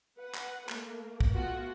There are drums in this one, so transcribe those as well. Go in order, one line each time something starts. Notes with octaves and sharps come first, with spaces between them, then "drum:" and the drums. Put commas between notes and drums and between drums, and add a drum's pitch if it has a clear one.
B4 F#5
drum: clap
A3 A#3, drum: clap
drum: kick
A3 B3 F4 F#4 F#5